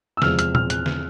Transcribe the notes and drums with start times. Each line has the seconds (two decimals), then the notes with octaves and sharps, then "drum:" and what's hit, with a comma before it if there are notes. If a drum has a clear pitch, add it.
0.17 E6
0.22 E2 C3 F3 G#3 F6, drum: snare D3
0.39 F6, drum: hi-hat
0.55 F6, drum: tom A#2
0.70 F#6, drum: hi-hat
0.86 drum: snare D3